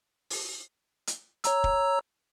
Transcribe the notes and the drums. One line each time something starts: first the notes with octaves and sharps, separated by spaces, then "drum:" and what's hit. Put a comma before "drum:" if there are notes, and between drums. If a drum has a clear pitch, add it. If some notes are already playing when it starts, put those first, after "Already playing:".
drum: open hi-hat
drum: hi-hat
C#5 A#5 E6, drum: hi-hat
drum: kick